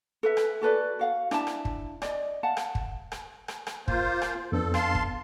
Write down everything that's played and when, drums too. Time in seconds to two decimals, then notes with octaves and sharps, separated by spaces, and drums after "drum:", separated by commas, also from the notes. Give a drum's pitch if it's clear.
0.23 A4 B4 E5
0.37 drum: rim click
0.61 F#4 A4 B4 D5
0.99 F#4 F5 F#5
1.31 D4 E4 E5 A5, drum: rim click
1.47 drum: rim click
1.65 drum: kick
2.02 D5 D#5, drum: rim click
2.43 F5 F#5 A5
2.57 drum: rim click
2.75 drum: kick
3.12 drum: rim click
3.48 drum: rim click
3.67 drum: rim click
3.88 A#3 F4 C5, drum: kick
4.22 drum: rim click
4.52 F2 B3 D4 A4
4.74 F5 A5 C6, drum: rim click
4.95 drum: kick